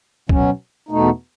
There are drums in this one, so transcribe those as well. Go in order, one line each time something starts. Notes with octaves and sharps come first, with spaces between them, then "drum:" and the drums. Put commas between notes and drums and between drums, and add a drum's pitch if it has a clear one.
B2 F#3 C#4, drum: kick
E2 B2 A3 D#4